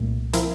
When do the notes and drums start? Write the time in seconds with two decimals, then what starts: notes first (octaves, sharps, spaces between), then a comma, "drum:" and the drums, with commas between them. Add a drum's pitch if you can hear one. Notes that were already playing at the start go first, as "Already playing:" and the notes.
Already playing: C2 A#2 A3
0.33 F3 C4 E4 A#4, drum: hi-hat